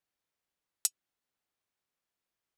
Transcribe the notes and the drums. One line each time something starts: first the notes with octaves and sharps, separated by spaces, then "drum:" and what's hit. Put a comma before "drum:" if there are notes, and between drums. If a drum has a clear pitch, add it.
E4 C5
drum: hi-hat
F#5